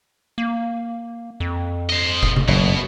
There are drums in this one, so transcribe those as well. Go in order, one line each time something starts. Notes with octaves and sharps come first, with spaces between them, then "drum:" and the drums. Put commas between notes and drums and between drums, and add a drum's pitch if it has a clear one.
A#3
F2
C5 D#5
drum: kick F1
drum: tom C3
F#1 B2